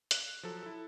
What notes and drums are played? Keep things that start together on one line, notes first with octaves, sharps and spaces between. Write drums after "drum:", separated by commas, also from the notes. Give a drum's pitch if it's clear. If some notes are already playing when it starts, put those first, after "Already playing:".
F#6, drum: hi-hat
F3 F#3 A4
E4 A4